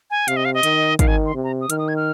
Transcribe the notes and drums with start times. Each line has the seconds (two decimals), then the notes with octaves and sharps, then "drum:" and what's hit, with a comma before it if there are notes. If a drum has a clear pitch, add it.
0.10 G#5
0.28 C3 F5, drum: hi-hat
0.36 D#5
0.45 F5
0.54 D#5
0.63 D#3, drum: hi-hat
0.99 D#3 F5, drum: kick, hi-hat
1.07 G#5
1.26 C6
1.34 C3
1.44 A#5
1.61 D#6
1.70 D#3 F6, drum: hi-hat
1.79 D#6
1.88 G#6
1.96 F6